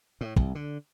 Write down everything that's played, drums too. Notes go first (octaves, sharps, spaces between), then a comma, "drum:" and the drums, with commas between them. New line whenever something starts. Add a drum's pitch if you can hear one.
A2
C2, drum: kick
D3